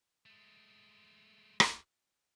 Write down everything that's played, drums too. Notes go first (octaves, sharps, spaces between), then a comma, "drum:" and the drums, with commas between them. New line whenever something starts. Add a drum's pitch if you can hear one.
G#3 A3
drum: rim click